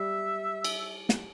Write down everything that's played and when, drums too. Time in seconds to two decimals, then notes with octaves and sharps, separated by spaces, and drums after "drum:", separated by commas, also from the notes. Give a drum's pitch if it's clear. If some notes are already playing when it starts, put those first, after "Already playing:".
Already playing: G3 E5
0.64 drum: cymbal
1.09 drum: snare